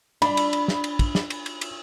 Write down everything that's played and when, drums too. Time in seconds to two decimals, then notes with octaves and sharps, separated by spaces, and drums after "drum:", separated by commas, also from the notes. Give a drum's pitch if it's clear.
0.22 D4 B5, drum: cymbal
0.37 drum: cymbal
0.53 drum: cymbal
0.68 drum: snare
0.84 drum: cymbal
0.99 drum: kick, cymbal
1.15 drum: snare
1.30 drum: cymbal
1.46 drum: cymbal
1.61 drum: cymbal